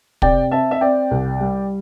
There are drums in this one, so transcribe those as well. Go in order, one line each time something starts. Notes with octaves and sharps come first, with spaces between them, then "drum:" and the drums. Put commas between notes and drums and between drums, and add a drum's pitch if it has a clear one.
C3 D5 G5, drum: kick
C4 E5 A5
E5
C4 D5 G5
C2
G3